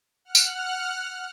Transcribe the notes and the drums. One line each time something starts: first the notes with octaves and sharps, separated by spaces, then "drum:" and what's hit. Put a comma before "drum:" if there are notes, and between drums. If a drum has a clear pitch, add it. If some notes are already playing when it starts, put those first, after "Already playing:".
F#5 F6 F#6
drum: tambourine